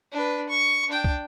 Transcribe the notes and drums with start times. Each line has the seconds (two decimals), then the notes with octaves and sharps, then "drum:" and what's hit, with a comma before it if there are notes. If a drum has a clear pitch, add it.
0.12 D4 B4
0.49 C#6
0.88 D4 G5
1.04 drum: kick